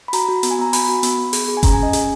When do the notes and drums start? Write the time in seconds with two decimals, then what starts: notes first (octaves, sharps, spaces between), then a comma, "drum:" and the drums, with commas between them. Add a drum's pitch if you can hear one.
0.08 B5
0.13 F#4 A#5, drum: hi-hat
0.28 F#4
0.43 B3, drum: hi-hat
0.51 G#5
0.59 B3 A#5
0.73 F#4 B5, drum: open hi-hat
0.89 F#4
1.03 B3, drum: hi-hat
1.18 B3
1.33 G#4, drum: open hi-hat
1.48 G#4
1.57 G#5
1.63 C#4 A#5, drum: kick F#1, hi-hat
1.74 G#5
1.78 C#4 D#5
1.93 G#4, drum: hi-hat